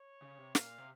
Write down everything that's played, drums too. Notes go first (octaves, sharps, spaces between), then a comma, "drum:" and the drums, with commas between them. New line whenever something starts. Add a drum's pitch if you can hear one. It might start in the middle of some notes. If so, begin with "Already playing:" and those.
Already playing: C#5
C#3
C3
A#2 F5, drum: snare
C3